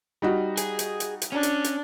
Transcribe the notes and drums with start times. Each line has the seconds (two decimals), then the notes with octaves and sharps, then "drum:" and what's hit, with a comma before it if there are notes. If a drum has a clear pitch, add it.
0.22 G3 D#4 F#4
0.57 G#4, drum: hi-hat
0.79 drum: hi-hat
1.00 drum: hi-hat
1.22 drum: hi-hat
1.32 C#4 D4
1.43 drum: hi-hat
1.64 drum: hi-hat